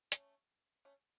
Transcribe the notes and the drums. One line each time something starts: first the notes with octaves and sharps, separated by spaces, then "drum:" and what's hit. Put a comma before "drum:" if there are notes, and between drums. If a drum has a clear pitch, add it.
A3 C#4, drum: hi-hat
A3 C#4